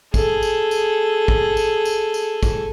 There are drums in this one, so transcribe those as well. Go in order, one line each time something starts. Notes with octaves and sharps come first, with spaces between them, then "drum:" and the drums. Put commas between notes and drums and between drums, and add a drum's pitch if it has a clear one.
G#4 A4, drum: kick, tambourine
drum: tambourine
drum: tambourine
drum: kick
drum: tambourine
drum: tambourine
drum: tambourine
drum: kick, tambourine